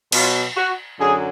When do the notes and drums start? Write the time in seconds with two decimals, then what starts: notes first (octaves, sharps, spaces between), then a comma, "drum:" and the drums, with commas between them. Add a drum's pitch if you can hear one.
0.12 B2 F#3 F4, drum: cymbal
0.56 F#4
1.00 F#2 D3 F#3 G#4